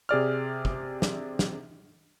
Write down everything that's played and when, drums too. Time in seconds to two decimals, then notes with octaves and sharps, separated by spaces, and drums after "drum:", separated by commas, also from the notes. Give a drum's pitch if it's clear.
0.09 C3 G#4 D5 F6
0.65 drum: kick
1.02 drum: snare
1.39 drum: snare